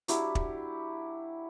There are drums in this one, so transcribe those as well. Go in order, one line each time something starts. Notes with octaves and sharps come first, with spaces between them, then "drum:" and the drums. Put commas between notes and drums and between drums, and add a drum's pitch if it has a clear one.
F#3 D4 E4 G4, drum: hi-hat
drum: kick